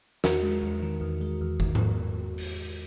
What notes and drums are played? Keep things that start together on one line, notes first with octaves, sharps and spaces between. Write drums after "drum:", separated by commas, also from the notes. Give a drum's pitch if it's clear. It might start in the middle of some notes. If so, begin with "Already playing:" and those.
E2 F#4 A#4, drum: snare
G#3
E2
D#3
E2
G#3
E2
D#3, drum: kick F#1
drum: tom G#2
drum: open hi-hat